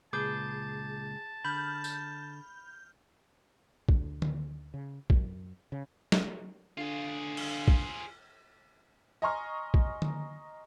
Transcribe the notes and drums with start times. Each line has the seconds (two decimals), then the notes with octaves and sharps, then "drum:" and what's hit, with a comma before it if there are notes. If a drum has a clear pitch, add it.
0.13 C#2 A#2 G#4 B4 A5 D6 G6
1.45 D3 B5 F6 G6
1.84 drum: tambourine
3.89 D2, drum: kick A#1
4.22 drum: tom D3
4.74 C#3
5.10 F#2, drum: kick A#1
5.72 C#3
6.12 drum: snare
6.78 D3 F4 G#4
7.37 drum: cymbal
7.68 drum: kick A#1
9.22 D#5 G#5 A#5 C6 C#6 F6
9.74 drum: kick A#1
10.02 drum: tom D3